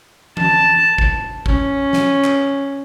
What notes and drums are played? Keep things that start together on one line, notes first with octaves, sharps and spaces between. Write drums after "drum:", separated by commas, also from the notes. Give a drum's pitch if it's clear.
A5, drum: tom E3
drum: kick G#1
C#4, drum: kick G#1
drum: snare
drum: clap